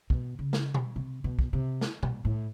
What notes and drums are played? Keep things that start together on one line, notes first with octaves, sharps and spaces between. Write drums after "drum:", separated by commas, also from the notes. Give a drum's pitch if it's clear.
B2, drum: kick
C#3
drum: snare
drum: tom B2
C3
B2
drum: kick
C3
drum: snare
A#2, drum: tom B2
A2